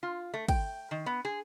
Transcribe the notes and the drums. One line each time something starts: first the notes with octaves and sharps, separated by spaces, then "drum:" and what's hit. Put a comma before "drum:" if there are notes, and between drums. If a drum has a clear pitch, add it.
F4
A3
G5, drum: kick, cymbal
D#3
B3
G#4